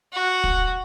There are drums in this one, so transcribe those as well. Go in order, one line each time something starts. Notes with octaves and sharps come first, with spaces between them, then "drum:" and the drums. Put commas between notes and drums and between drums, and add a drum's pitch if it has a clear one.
F#4
drum: kick